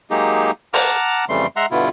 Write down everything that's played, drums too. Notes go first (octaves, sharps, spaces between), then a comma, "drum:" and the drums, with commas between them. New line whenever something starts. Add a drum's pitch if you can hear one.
F#3 G#3 A#3 D#4 G4 G#4
F#5 A5 A#5 D6 F6, drum: open hi-hat
F2 C#3 E3 G3 A3 C6
G#3 E5 F#5 A#5 C6
G2 B2 D3 B3 E4 F4